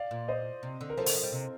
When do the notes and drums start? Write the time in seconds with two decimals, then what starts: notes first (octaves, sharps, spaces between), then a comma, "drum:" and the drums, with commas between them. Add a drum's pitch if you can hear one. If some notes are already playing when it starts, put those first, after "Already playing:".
Already playing: D5 F5
0.11 A#2
0.28 C5 D#5
0.63 C3
0.81 D3
0.90 A#4
0.97 F3 A4 C5
1.06 D#3, drum: open hi-hat
1.15 F3
1.23 G3
1.32 C3